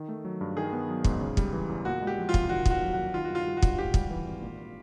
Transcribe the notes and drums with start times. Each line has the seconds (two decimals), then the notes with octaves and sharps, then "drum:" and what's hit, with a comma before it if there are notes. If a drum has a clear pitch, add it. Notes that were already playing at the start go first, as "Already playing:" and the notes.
Already playing: D#3
0.08 A3
0.25 F#3
0.41 G2
0.57 D#3 G#4
0.73 B3
0.89 F#3
1.04 G#2, drum: kick
1.21 C#3
1.37 G3, drum: kick
1.53 E3
1.69 E2
1.85 A#2 F#4
2.01 G#3
2.07 G4
2.18 F3
2.29 F4
2.34 C2, drum: kick
2.49 D#3 F#4
2.66 D#2, drum: kick
2.71 F#4
2.82 F#3
2.93 D#2 F#4
3.14 D#3 F4
3.24 F#4
3.30 G2 F4
3.46 G3
3.57 F#4
3.62 G2, drum: kick
3.78 G#2 G4
3.94 G3, drum: kick
4.11 E3
4.27 G#1
4.42 A#2